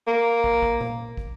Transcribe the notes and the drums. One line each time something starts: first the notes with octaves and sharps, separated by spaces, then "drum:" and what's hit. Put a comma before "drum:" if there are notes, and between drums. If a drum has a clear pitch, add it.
A#3
drum: kick
drum: kick
drum: tom A#2
drum: kick